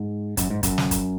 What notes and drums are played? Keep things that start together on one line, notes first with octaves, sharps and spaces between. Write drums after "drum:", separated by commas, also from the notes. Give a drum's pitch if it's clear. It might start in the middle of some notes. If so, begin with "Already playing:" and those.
Already playing: G#2
F#2, drum: kick, hi-hat
G#2
F#2, drum: kick, hi-hat
drum: snare
drum: kick, hi-hat